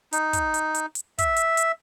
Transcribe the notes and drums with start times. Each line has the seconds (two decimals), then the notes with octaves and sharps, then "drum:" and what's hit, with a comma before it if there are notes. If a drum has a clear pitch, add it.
0.13 D#4, drum: hi-hat
0.33 drum: kick, hi-hat
0.54 drum: hi-hat
0.75 drum: hi-hat
0.95 drum: hi-hat
1.18 E5, drum: kick, hi-hat
1.36 drum: hi-hat
1.57 drum: hi-hat